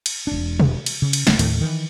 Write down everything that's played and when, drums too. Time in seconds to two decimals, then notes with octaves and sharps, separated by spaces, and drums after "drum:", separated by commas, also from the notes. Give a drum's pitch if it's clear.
0.06 drum: cymbal
0.27 E1 D4
0.60 drum: tom B2
0.86 drum: cymbal
1.02 C#3
1.13 drum: cymbal
1.27 D#1 C#3 A3 B3, drum: snare
1.39 D#2 A2 D#3 A3, drum: cymbal
1.61 D#3 E3